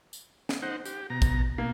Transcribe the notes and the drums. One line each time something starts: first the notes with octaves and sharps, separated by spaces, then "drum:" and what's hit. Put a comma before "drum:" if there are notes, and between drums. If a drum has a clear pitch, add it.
drum: tambourine
drum: snare
D#4 C5 F#5
G4, drum: tambourine
B2 A#5
drum: kick, tambourine
B2 A#3